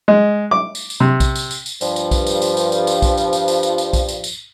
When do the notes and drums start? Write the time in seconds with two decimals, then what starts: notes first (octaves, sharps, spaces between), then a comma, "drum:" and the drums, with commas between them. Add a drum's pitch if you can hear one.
0.08 G#3
0.51 D6
0.75 drum: tambourine
0.90 drum: tambourine
1.00 C3
1.20 drum: kick B1, tambourine
1.36 drum: tambourine
1.51 drum: tambourine
1.66 drum: tambourine
1.81 G2 F3, drum: tambourine
1.96 drum: tambourine
2.11 drum: kick B1, tambourine
2.27 drum: tambourine
2.42 drum: tambourine
2.57 drum: tambourine
2.72 drum: tambourine
2.87 drum: tambourine
3.02 drum: kick B1, tambourine
3.18 drum: tambourine
3.33 drum: tambourine
3.48 drum: tambourine
3.63 drum: tambourine
3.78 drum: tambourine
3.93 drum: kick B1, tambourine
4.09 drum: tambourine
4.24 drum: tambourine